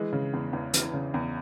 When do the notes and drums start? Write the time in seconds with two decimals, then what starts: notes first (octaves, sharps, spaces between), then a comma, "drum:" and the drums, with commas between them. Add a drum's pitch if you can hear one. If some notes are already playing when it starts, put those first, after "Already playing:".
Already playing: E3 G#3
0.13 C#3
0.33 E2
0.53 E2
0.73 E3, drum: hi-hat
0.94 C#3
1.14 E2